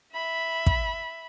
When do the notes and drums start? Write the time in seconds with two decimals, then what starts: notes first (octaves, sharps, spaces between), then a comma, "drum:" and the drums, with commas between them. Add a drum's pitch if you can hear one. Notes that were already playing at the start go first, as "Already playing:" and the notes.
0.13 E5 B5
0.67 drum: kick